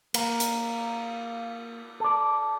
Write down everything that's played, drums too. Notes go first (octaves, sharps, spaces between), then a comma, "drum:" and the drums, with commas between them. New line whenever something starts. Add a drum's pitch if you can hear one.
A#3, drum: cymbal
drum: hi-hat
A4 D5